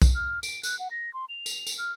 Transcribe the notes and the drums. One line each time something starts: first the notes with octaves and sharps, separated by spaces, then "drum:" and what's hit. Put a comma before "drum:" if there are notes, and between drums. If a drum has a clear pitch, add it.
drum: kick B1, tambourine
F6
D7, drum: tambourine
F#6, drum: tambourine
F#5
A#6
C6
F7
drum: tambourine
drum: tambourine
F6